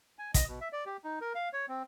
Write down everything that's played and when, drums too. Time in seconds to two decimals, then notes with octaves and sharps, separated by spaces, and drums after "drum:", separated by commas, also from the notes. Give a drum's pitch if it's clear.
0.19 G#5
0.34 D#5, drum: kick, hi-hat
0.48 B2
0.61 E5
0.73 D5
0.86 G4
1.04 D#4
1.21 A#4
1.35 F5
1.53 C#5
1.69 C4